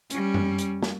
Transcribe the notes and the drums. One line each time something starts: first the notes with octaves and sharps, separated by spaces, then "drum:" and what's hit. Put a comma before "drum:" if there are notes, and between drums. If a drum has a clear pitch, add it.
G3 C#4, drum: hi-hat
drum: tom F#2
drum: hi-hat
drum: snare